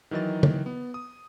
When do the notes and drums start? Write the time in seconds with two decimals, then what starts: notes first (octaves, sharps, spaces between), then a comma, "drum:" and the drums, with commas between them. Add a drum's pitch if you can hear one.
0.11 D#3 E3 F#3 D#5 A6
0.43 drum: tom
0.66 B3
0.94 D#6